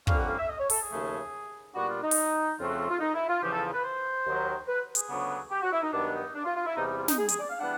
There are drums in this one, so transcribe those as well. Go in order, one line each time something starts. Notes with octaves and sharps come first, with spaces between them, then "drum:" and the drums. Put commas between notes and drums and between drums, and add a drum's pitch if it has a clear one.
F2 D3 G3 A#3 C#4 F5, drum: kick
F#5
F5
E5
D#5
C#5
A4, drum: open hi-hat
G#4
D#2 C#3 F3 A3
A#2 G3 B3 D4 F#4
F4
D#4
drum: open hi-hat
F2 C#3 F3 A3 C4 F4
F#4
F4
F4
D#4
E4
F4
E2 C#3 F3 G4
A4
B4
C5
D#2 D#3 F#3
B4
G#4, drum: hi-hat
D2 C#3 F#3 B3 D4
G4
F#4
E4
D#4
G2 D#3 F#3 B3 D4
D#4
D4
F4
F4
E4
E2 C3 E3 G3 D#4
D#4
F4
D#4, drum: snare
G#4
G#4, drum: hi-hat
D5
F5
E3 G3 B3 D4 F#5